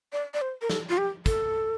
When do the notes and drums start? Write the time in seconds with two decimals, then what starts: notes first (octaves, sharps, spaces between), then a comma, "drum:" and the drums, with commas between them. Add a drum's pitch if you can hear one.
0.13 D5
0.34 D5
0.42 C5
0.62 A#4
0.70 A4, drum: snare
0.89 F4
0.98 G4
1.26 A4, drum: kick, hi-hat